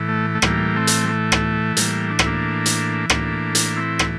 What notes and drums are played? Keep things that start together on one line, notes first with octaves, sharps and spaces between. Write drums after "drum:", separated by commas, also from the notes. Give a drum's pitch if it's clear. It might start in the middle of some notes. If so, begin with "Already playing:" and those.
Already playing: A2 E3
A3
A3
A2 E3 G3 A#3, drum: rim click
A3 C4
drum: hi-hat
G3
A3
drum: rim click
A2 E3 G3 A#3, drum: hi-hat
D4
E4, drum: rim click
A#3 D4
drum: hi-hat
A2 E3 A#3 D4, drum: rim click
drum: hi-hat
C4 E4
drum: rim click